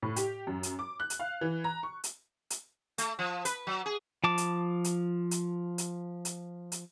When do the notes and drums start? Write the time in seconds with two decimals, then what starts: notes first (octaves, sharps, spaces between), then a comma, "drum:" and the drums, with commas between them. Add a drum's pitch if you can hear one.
0.02 A2
0.16 G4, drum: hi-hat
0.47 F#2
0.63 drum: hi-hat
0.79 D6
1.00 F#6
1.10 drum: hi-hat
1.19 F5
1.41 E3
1.64 A#5
1.83 C#6
2.04 drum: hi-hat
2.50 drum: hi-hat
2.98 A3, drum: hi-hat
3.19 F3
3.45 B4, drum: hi-hat
3.67 F#3
3.86 G#4
4.24 F3 A5 D6
4.38 drum: hi-hat
4.84 drum: hi-hat
5.31 drum: hi-hat
5.78 drum: hi-hat
6.25 drum: hi-hat
6.72 drum: hi-hat